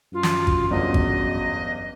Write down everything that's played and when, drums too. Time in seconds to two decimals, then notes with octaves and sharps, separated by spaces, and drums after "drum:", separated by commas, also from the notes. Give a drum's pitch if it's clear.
0.13 F#2 F4
0.23 drum: snare
0.47 drum: kick G#1
0.71 G1 E2 D#5
0.94 drum: kick G#1